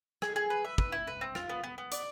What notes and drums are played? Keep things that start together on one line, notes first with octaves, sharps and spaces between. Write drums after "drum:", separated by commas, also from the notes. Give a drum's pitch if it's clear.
G#4, drum: rim click
G#4
B4
E5
B4, drum: kick
E4
B4
C4
F4, drum: rim click
B3
B3
B3
D5, drum: hi-hat